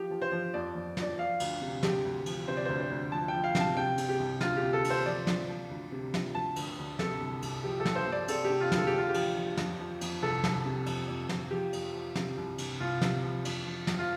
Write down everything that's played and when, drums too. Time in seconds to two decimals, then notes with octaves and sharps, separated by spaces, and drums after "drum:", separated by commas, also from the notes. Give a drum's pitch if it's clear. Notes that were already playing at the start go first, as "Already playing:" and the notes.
Already playing: F3 G4
0.10 F3
0.22 C5
0.32 F3
0.54 F2 D5
0.75 F2
0.97 F3, drum: snare
1.02 D5
1.18 F3 F5
1.40 D2, drum: cymbal
1.61 C3
1.83 D3 G4, drum: snare
2.05 D2
2.26 F3, drum: cymbal
2.48 C3 C5
2.57 D5
2.65 D2 C5
2.80 C5
2.90 D2
3.11 F3 A5
3.28 G5
3.34 F3
3.44 F5
3.55 C3, drum: snare
3.60 A5
3.76 C3 G5
3.98 C3, drum: cymbal
4.09 G4
4.20 C2
4.41 D2 F4, drum: snare
4.57 G4
4.62 C3
4.73 A4
4.85 C3, drum: cymbal
4.90 C5
5.06 F3 D5
5.27 F3, drum: snare
5.49 F3
5.70 D2
5.92 C3
6.14 F3, drum: snare
6.34 D2 A5
6.56 D2, drum: cymbal
6.78 D2
6.99 C3 A4, drum: snare
7.21 C2
7.42 C2, drum: cymbal
7.64 F3 G4
7.80 A4
7.85 G2, drum: snare
7.95 C5
8.07 G2
8.12 D5
8.28 C3 A4, drum: cymbal
8.45 G4
8.50 C3
8.61 F4
8.72 D2, drum: snare
8.77 A4
8.87 G4
8.92 D3
8.98 F4
9.09 G4
9.14 F3, drum: cymbal
9.35 F3
9.57 F2, drum: snare
9.79 F3
10.01 F2, drum: cymbal
10.22 C2 A4
10.44 C2, drum: snare
10.65 C3
10.86 F2, drum: cymbal
11.08 F2
11.29 F3, drum: snare
11.51 F3 G4
11.73 F2, drum: cymbal
11.94 F3
12.15 C3, drum: snare
12.37 C2
12.58 C2, drum: cymbal
12.80 C2 F4
13.01 C3, drum: snare
13.24 F3
13.45 F2, drum: cymbal
13.67 F3
13.87 F2, drum: snare
13.99 F4